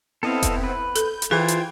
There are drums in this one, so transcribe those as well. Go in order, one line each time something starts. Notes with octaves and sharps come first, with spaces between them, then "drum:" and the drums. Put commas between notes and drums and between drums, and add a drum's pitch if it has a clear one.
B3 C4 E4 A4 D#5 F5
drum: kick F1, hi-hat
B4
A4 G6, drum: hi-hat
drum: hi-hat
E3 F4 G#4 C5 G5 G#6
drum: hi-hat